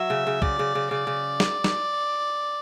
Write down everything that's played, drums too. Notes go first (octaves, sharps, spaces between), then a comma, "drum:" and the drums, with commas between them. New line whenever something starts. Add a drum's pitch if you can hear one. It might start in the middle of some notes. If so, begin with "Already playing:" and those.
Already playing: F#3 E5
C#3
C#3
C#3 D5, drum: kick
C#3
C#3
C#3 D5
C#3
drum: snare
drum: snare